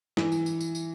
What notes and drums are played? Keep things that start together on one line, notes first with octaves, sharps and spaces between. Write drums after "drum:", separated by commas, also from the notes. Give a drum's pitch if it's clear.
E3, drum: snare
drum: tambourine
drum: tambourine
drum: tambourine
drum: tambourine